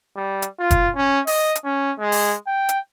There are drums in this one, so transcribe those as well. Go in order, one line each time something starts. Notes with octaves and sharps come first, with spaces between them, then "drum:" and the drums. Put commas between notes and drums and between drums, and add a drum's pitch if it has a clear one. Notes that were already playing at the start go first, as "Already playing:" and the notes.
G3
drum: hi-hat
F4
drum: kick, hi-hat
C#4
D#5, drum: open hi-hat
drum: hi-hat
C#4
G#3
drum: open hi-hat
G5
drum: hi-hat